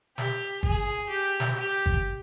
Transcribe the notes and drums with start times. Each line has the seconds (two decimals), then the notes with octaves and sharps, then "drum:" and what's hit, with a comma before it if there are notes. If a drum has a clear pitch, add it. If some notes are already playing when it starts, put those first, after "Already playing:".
0.18 G4, drum: snare
0.63 G#4, drum: kick
1.09 G4
1.40 drum: snare
1.55 G4
1.86 drum: kick